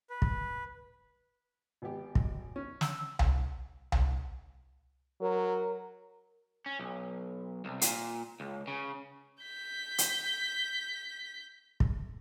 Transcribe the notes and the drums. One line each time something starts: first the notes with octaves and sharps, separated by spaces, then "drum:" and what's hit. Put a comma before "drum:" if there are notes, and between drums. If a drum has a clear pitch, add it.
B4
drum: kick
G#1 B3 G4
drum: kick
C#4
E6, drum: snare
drum: tom C2
drum: tom C2
F#3 A#4
C#4
B1
C2
A#2, drum: hi-hat
C#2
C#3
G6 B6
drum: hi-hat
drum: kick